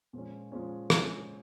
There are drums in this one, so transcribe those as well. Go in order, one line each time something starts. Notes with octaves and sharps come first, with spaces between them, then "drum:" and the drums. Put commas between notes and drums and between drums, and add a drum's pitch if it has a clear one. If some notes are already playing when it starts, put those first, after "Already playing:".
A#2 F3 G#3 C#4
A#2 F3 G#3 C#4
A#2 F3 G#3 C#4, drum: rim click